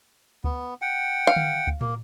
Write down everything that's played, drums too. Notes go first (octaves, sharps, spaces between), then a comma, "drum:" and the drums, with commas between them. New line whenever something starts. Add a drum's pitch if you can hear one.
B3, drum: kick D2
F#5 G5
F5
drum: tom D3
drum: kick D2
A#3, drum: tom